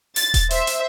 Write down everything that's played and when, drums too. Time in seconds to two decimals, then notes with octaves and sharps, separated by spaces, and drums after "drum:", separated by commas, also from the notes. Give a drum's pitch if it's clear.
0.16 A6, drum: open hi-hat
0.34 drum: kick D#1, hi-hat
0.51 C5 E5, drum: hi-hat
0.67 drum: hi-hat